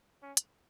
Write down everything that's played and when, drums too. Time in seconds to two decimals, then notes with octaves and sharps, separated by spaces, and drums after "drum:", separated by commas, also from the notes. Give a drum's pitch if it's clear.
0.23 C#4
0.37 drum: hi-hat